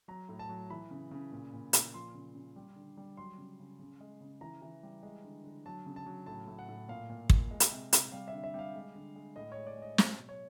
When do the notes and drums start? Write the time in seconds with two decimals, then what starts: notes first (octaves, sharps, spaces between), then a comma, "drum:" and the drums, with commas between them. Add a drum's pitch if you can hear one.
0.08 F#3 A#5
0.29 A2
0.39 A5
0.49 F#3
0.70 E3 B5
0.91 C#3
1.11 C#3
1.32 A#2
1.53 A#2
1.73 A#2, drum: hi-hat
1.94 F3 C6
2.14 C#3
2.35 C#3
2.56 G3
2.76 D3
2.97 G3
3.17 F#3 C6
3.38 C#3
3.59 C#3
3.79 C#3
4.00 G#3
4.21 C#3
4.41 E3 A#5
4.62 E3
4.83 G3
5.03 G#3
5.24 D3
5.44 D3
5.66 F#3 A5
5.86 C#3
5.96 A5
6.06 F#3
6.26 A2 A5
6.48 A2
6.59 F#5
6.69 A2
6.89 A#2 F5
7.09 A#2
7.30 A#2, drum: kick
7.51 G#3
7.60 drum: hi-hat
7.71 C3
7.93 C3, drum: hi-hat
8.12 G3 F5
8.28 E5
8.33 D3
8.44 E5
8.54 G3 F5
8.74 G#3
8.95 D3
9.16 G#3
9.36 A2 D#5
9.52 G#3 C#5
9.67 D5
9.77 G#3
9.82 D#5
9.98 F#3, drum: snare
10.19 B2
10.29 C#5